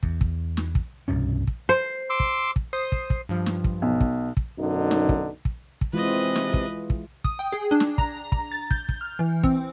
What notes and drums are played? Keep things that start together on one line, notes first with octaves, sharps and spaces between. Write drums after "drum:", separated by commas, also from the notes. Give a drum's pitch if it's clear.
E2, drum: kick
drum: kick
drum: snare
drum: kick
C2 G2 B2 C#4
drum: kick
C5
C6 D6 E6
drum: kick
drum: kick
C5 D#6 C7
drum: kick
drum: kick
G2 F3
drum: snare
drum: kick
B1
drum: kick
drum: kick
B1 F#2 D3 D#4
drum: snare
drum: kick
drum: kick
drum: kick
C3 E3 G#3 F4 B4 D#5
drum: snare
drum: kick
drum: kick
D#6, drum: kick
G5
G#4
D4
drum: snare
A#5, drum: kick
A#5, drum: kick
A6
G6, drum: kick
drum: kick
F6
E3
C4, drum: kick